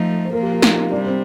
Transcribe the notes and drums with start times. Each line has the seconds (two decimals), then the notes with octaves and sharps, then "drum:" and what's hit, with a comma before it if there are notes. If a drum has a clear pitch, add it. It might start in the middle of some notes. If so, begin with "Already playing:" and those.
Already playing: F3 A3 D#4 A4
0.25 C5
0.33 A#2 F3 A#3 A#4
0.43 G4
0.53 F4
0.62 D#4, drum: snare
0.91 C3 G3 D4
1.06 C4